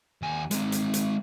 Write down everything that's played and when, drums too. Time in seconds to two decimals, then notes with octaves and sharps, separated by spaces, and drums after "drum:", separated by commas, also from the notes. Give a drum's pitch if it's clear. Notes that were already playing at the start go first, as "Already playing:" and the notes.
0.22 D#2 G#5
0.51 G#3 C4, drum: hi-hat
0.72 drum: hi-hat
0.94 drum: hi-hat